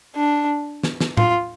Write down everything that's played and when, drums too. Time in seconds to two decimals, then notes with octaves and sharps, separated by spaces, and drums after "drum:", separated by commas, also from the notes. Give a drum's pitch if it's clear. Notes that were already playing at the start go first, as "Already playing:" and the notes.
0.16 D4
0.83 drum: snare
1.01 drum: snare
1.17 F4, drum: tom A2